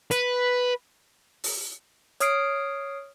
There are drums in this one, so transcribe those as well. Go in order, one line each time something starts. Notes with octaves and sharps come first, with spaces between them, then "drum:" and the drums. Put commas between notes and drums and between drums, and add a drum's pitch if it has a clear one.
B4, drum: hi-hat
drum: open hi-hat
C#5 D#6 F6 C7 D7, drum: hi-hat